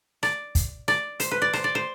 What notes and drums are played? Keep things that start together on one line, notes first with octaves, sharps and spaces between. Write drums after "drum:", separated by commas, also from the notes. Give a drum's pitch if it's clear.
D5, drum: rim click
drum: kick, hi-hat
D5, drum: rim click
C5, drum: hi-hat
B4
D5
C5, drum: rim click
D5
C5